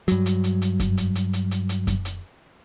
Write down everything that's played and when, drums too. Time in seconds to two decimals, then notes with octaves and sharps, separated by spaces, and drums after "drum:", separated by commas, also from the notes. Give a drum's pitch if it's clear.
0.08 G2 F#3, drum: hi-hat
0.26 drum: hi-hat
0.44 drum: hi-hat
0.62 drum: hi-hat
0.80 drum: kick F#2, hi-hat
0.97 drum: hi-hat
1.15 drum: hi-hat
1.33 drum: hi-hat
1.51 drum: hi-hat
1.69 drum: hi-hat
1.87 drum: kick F#2, hi-hat
2.05 drum: hi-hat